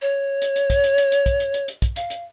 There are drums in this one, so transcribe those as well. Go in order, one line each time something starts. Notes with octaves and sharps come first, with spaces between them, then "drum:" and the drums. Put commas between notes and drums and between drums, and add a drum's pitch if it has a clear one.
C#5
drum: hi-hat
drum: hi-hat
drum: kick, hi-hat
drum: hi-hat
drum: hi-hat
drum: hi-hat
drum: kick, hi-hat
drum: hi-hat
drum: hi-hat
drum: hi-hat
drum: kick, hi-hat
F5, drum: hi-hat
drum: hi-hat